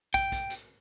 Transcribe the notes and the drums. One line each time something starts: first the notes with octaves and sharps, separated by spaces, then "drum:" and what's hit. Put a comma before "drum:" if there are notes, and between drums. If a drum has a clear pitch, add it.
G5, drum: kick, hi-hat
drum: kick, hi-hat
drum: hi-hat